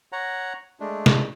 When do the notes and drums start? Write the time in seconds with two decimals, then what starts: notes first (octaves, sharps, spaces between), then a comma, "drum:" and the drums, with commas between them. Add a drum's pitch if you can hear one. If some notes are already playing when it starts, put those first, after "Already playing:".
0.12 C#5 F#5 A#5
0.80 G#3 A3 D4
1.06 drum: snare